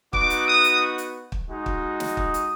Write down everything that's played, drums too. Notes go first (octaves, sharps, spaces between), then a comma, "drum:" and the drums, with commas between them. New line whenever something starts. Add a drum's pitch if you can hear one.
B3 D#4 F#4 D6, drum: kick
drum: hi-hat
D#6
drum: hi-hat
drum: hi-hat
drum: kick
G#3 D#4 F#4
drum: kick
drum: snare
D#6, drum: kick
drum: hi-hat